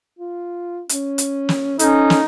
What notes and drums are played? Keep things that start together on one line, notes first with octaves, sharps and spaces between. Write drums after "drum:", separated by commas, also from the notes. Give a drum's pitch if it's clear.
F4
C#4, drum: hi-hat
drum: hi-hat
drum: snare
C#4 D#4 A4, drum: hi-hat
drum: snare